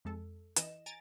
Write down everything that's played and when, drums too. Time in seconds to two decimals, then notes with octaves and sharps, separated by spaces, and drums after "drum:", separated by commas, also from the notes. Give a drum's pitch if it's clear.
0.05 F2 G#3 A4
0.56 E3 D#5 E7, drum: hi-hat
0.86 G#5 A#5 A6 D7